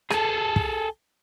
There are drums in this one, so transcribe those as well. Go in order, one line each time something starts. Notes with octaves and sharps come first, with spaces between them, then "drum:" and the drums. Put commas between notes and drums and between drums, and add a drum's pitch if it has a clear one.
G#4 A4, drum: rim click
drum: kick